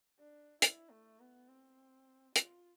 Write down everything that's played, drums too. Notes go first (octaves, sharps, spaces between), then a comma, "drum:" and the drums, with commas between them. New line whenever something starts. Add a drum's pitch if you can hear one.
D4
E4, drum: hi-hat
A3
B3
C4
F4, drum: hi-hat